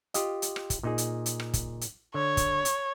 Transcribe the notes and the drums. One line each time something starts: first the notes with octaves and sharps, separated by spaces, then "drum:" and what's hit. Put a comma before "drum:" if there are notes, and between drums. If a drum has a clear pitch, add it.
F4 G4 D#5, drum: hi-hat
drum: hi-hat
drum: rim click
drum: kick, hi-hat
A#2 D#4 G#4
drum: hi-hat
drum: hi-hat
drum: rim click
drum: kick, hi-hat
drum: hi-hat
D3 C#5
drum: kick, hi-hat
drum: hi-hat